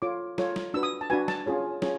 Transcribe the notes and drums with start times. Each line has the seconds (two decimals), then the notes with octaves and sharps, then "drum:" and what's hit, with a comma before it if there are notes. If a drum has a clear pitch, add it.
0.02 F4 A4 C#5 D6
0.38 F4 A4 C#5, drum: snare
0.56 drum: snare
0.74 D4 F#4 B4 E6
0.83 D#6
1.01 A5
1.10 D4 F#4 B4 G#5
1.28 A5, drum: snare
1.46 C#4 F4 G#4 C#5
1.82 C#4 F4 G#4 C#5, drum: snare